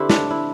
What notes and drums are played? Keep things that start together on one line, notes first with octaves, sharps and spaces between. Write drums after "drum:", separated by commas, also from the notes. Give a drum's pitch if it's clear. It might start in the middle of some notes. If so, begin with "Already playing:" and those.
Already playing: D3 A3 C4 E4 G4
D4, drum: snare
E4